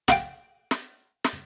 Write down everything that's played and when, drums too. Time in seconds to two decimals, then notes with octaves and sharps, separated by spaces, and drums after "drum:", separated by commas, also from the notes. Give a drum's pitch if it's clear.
0.08 F#4 F5 G5, drum: snare
0.71 drum: snare
1.25 drum: snare